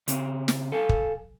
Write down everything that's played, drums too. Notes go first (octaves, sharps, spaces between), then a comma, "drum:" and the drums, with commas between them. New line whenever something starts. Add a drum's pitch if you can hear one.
C#3 C4, drum: hi-hat
drum: snare
A4 F5 G#5
drum: kick